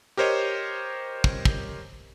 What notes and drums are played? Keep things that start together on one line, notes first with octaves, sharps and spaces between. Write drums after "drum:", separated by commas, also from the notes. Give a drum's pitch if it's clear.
G4 A#4 C5 C#5 D#5
drum: kick
drum: kick